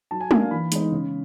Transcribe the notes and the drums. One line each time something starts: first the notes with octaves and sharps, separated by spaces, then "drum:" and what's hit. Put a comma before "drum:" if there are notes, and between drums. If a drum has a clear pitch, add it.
F#3 A5
G#5
A#3 D4, drum: tom
F5
E3 B5
G#3 B3 D#4, drum: hi-hat
C#3